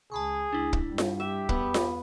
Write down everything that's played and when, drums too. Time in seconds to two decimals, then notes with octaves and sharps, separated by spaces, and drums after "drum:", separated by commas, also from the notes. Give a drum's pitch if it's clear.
0.12 C#2 G#4 A5 B5 C#6
0.53 C#2 D4 E4
0.73 drum: kick
0.87 G2 G3
0.98 drum: snare F4
1.20 G4 E5
1.49 E2 B3, drum: kick
1.74 drum: snare F4